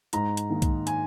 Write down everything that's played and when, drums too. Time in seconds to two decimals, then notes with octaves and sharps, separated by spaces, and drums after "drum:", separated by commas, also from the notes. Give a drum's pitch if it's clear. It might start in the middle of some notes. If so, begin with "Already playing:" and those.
0.13 G#2 A#5, drum: hi-hat
0.37 drum: hi-hat
0.50 D#3 A#3 D#4
0.62 drum: kick B1, hi-hat
0.87 G#5, drum: hi-hat